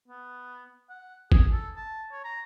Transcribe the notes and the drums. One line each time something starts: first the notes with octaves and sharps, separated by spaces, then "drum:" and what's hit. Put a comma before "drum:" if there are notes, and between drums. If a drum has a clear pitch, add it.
B3
F#5
G#4, drum: kick
A4
A5
C#5
A#5